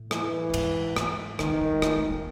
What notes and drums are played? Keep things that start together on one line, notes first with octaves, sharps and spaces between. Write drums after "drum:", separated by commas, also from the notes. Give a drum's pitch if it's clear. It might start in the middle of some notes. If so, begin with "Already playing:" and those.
Already playing: A2
E3, drum: rim click
G2
G#2, drum: cymbal
G#2, drum: rim click
D3 D#3, drum: rim click
C#3
G3
G#3
G#3, drum: rim click
A3
A#3